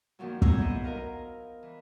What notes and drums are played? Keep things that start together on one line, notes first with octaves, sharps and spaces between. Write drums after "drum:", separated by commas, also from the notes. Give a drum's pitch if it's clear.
F#2 A#2 D#3 F3 F#3
A4 C5 G#5 A#5 D#6 E6, drum: kick
B3 E4 C5 D#5
A#4 D#5 F5 A#5
E3